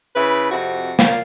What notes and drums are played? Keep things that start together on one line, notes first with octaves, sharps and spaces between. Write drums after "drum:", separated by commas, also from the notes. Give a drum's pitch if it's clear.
C#3 E4 B4
F2 C3 F#4
A#2 F5, drum: snare